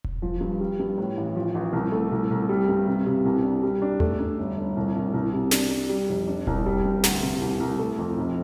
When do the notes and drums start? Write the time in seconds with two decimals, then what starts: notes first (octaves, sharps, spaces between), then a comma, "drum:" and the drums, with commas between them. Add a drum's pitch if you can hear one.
0.04 drum: kick E1
0.22 F3
0.41 G2
0.60 G3
0.79 G2
0.98 A2
1.17 A1
1.36 F3
1.55 A1
1.73 C2
1.92 A3
2.12 C2
2.30 C2
2.49 G3
2.69 G2
2.87 C3
3.06 C3
3.25 C2
3.43 D4
3.63 G3
3.82 D4
4.00 A3, drum: tom D#2
4.19 D4
4.39 G1
4.57 G1
4.76 C2
4.96 C2
5.14 C2
5.33 C3
5.51 D4, drum: snare
5.71 D4
5.89 G3
6.09 F1
6.27 D4
6.47 C2, drum: kick E1
6.66 G3
6.85 G2
7.04 D2, drum: snare
7.22 C3
7.41 C2
7.60 C2
7.79 A3
7.98 F2
8.17 F1